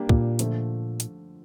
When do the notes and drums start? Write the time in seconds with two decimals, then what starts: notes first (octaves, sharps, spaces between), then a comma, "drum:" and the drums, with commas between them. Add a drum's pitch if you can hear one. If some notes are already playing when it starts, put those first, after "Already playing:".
Already playing: G3 A#3 D4 G4
0.09 A#2, drum: kick
0.39 D3 F3 A3, drum: hi-hat
1.00 drum: hi-hat